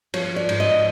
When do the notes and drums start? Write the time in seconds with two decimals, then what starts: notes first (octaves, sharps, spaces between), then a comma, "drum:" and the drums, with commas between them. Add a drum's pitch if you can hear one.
0.14 F3 C#5, drum: cymbal
0.36 D5
0.49 G#2, drum: cymbal
0.60 D#5